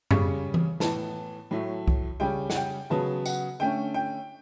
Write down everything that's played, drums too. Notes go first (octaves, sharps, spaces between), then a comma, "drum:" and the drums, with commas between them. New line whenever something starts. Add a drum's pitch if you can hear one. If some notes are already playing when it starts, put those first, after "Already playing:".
C#3 G3 C#4 C#6, drum: tom F#2
drum: tom E3
A2 E3 B3 A5, drum: snare
A2 F#3 A3
drum: kick
C#3 G3 C#4 G5
F#5, drum: snare
G5
C#3 F#3 B3 A5
F#5, drum: tambourine
D3 A3 C#4 G5
G5